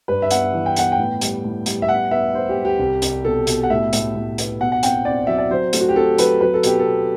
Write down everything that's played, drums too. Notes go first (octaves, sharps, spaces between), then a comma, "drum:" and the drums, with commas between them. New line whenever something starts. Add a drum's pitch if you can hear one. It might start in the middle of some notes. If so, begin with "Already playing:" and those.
G2 B4
E5
B3 F#5, drum: hi-hat
E3
G5
B3 F#5, drum: hi-hat
G5
A2
G3, drum: hi-hat
A2
G3, drum: hi-hat
E5
B3 F#5
B3 E5
B3 C5
G4
G3
G4
C2
C2, drum: hi-hat
B2 A4
B2, drum: hi-hat
F#5
A2 E5
A2, drum: hi-hat
A2
B3, drum: hi-hat
B2 F#5
F#5
C4 G5, drum: hi-hat
C4 D5
F#3 E5
D5
F#3 C5
A3, drum: hi-hat
F#4
G4
C4 A4
F#3 B4, drum: hi-hat
F#3 B4
A4
B2 G4, drum: hi-hat
A4
B2